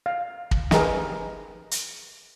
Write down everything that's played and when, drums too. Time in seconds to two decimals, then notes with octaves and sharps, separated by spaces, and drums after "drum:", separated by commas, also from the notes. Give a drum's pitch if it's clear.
0.06 F5
0.51 drum: kick
0.71 D#4 G4 G#4 A#4 B4, drum: snare
1.71 drum: hi-hat